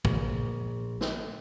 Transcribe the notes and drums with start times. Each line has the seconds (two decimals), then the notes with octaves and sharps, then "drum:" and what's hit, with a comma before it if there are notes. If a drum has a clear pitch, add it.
0.05 A#1, drum: kick
1.01 drum: snare